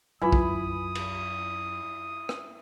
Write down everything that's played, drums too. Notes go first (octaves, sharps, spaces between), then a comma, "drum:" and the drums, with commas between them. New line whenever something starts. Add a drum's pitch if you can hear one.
F#2 E4 F4 B4 G#5 B5 D#6
drum: kick B1
drum: cymbal
drum: rim click